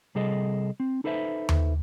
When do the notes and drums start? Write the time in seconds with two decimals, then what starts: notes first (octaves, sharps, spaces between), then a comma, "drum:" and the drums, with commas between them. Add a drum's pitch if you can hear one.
0.15 C3 G3 G#4 A4 D#5
0.80 C4
1.04 D#4 A4 B4 C5 E5
1.49 drum: tom D#2